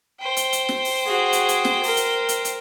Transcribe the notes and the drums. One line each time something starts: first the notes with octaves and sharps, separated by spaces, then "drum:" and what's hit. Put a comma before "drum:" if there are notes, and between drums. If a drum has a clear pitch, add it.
C5 G5
drum: hi-hat
drum: hi-hat
drum: snare
drum: open hi-hat
F#4 G#4
drum: hi-hat
drum: hi-hat
drum: snare
A#4, drum: open hi-hat
drum: hi-hat
drum: hi-hat
drum: hi-hat